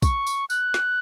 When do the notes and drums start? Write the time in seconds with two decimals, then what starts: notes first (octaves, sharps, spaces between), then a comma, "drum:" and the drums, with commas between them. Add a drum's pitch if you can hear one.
0.02 C#6, drum: kick, tambourine
0.27 drum: tambourine
0.50 F#6, drum: tambourine
0.74 drum: snare